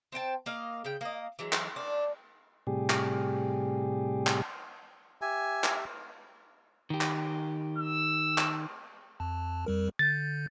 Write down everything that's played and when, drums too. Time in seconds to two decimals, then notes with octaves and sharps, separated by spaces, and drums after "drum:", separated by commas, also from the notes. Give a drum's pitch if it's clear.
0.12 C4 C5 G5 A5
0.46 A#3 D#5 F5
0.85 C#3 G5
1.01 A#3 D#5
1.39 E3 F#3 G#3
1.53 drum: clap
1.76 D4
2.67 A2 C3 G3 G4 G#4
2.90 drum: clap
4.27 drum: clap
5.22 G4 E5 G#5
5.64 drum: clap
6.90 D#3 G4
7.01 drum: clap
7.78 E6
8.38 drum: clap
9.20 F2 A5
9.66 F2 G3 A#4
9.99 D3 G6 A6